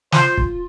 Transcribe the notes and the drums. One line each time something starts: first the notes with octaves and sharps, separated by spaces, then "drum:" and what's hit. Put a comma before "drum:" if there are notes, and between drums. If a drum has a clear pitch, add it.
F4 C5, drum: snare
drum: kick